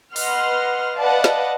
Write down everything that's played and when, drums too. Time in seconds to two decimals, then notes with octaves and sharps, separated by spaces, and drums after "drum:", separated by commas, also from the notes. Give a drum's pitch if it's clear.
0.16 B4 D#5 F#5 C6 F6, drum: open hi-hat
0.98 B4 D5 D#5 F5 F#5 A5
1.24 drum: snare